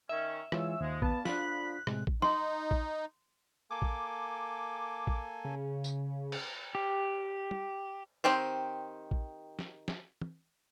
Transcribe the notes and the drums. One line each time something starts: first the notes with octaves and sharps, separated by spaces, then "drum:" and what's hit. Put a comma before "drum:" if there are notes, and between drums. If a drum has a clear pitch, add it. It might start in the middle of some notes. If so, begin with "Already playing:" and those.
D#3 C#4 E5
E3 G#3 C#4 F4 E6, drum: rim click
D#2 F3 G#3
G2 A#3 B3 A5, drum: kick A#1
D3 F3 D4 F4 B5 F#6, drum: snare
A2 C3 G#3, drum: rim click
drum: kick A#1
D#4 C6, drum: snare
drum: kick A#1
A#3 A4 G#5 D6
drum: kick A#1
drum: kick A#1
C#3
drum: tambourine
drum: cymbal
G4
drum: tom
D#3 C4 G4 C5
drum: kick A#1
drum: snare
drum: snare
drum: tom